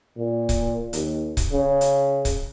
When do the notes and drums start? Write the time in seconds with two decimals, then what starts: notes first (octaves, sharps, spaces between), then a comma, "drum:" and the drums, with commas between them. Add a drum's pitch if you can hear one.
0.17 A#2
0.49 drum: kick C#1, hi-hat
0.93 D#2, drum: hi-hat
1.37 drum: kick C#1, hi-hat
1.52 C#3
1.81 drum: hi-hat
2.25 drum: kick C#1, hi-hat